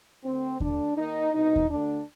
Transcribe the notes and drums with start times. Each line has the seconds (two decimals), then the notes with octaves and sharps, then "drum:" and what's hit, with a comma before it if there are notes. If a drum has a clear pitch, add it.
0.24 D2 D3 C4
0.60 D2 D3 D4, drum: kick D#2
0.96 D#2 D#3 D#4
1.33 C2 B2 D#4
1.56 drum: kick D#2
1.69 D2 D3 D4